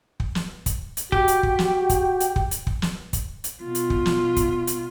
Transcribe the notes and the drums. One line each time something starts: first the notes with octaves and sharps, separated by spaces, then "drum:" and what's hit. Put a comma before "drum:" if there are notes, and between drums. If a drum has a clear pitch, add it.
drum: kick
drum: snare
drum: kick, hi-hat
drum: hi-hat
F#4 G4, drum: kick
drum: hi-hat
drum: kick
drum: snare
drum: kick, hi-hat
drum: hi-hat
drum: kick
drum: hi-hat
drum: kick
drum: snare
drum: kick, hi-hat
drum: hi-hat
B2 F4
drum: hi-hat
drum: kick
drum: snare
drum: kick, hi-hat
drum: hi-hat